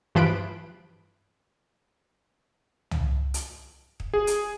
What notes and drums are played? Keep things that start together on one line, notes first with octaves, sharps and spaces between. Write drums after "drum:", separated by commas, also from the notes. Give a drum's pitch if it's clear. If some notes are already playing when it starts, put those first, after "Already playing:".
G2 E3 F3 B5 F#6 D7
drum: tom
drum: hi-hat
drum: kick
G#4
drum: hi-hat